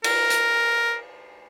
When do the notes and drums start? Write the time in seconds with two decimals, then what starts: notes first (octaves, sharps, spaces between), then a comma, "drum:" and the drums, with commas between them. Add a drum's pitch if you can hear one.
0.04 A#4, drum: cymbal
0.30 drum: hi-hat